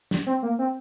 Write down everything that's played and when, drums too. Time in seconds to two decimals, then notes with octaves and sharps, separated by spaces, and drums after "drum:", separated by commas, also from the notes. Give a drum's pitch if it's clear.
0.11 drum: snare
0.26 C4
0.43 A#3
0.59 C4